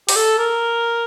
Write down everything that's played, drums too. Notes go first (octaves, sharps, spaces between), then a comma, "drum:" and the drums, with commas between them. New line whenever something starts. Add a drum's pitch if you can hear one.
G4, drum: open hi-hat
A4
A#4